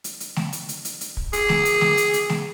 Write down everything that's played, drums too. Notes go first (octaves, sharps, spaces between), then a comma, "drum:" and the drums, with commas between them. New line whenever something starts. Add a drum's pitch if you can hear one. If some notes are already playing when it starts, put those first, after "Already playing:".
drum: hi-hat
drum: hi-hat
drum: snare A3
drum: hi-hat
drum: hi-hat
drum: hi-hat
drum: hi-hat
drum: kick
G#4, drum: hi-hat
drum: snare A3
drum: hi-hat
drum: snare A3
drum: hi-hat
drum: hi-hat
drum: snare A3